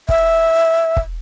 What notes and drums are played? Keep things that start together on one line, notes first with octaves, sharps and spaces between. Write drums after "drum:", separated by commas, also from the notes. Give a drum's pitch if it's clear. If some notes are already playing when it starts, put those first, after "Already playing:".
E5, drum: kick
drum: kick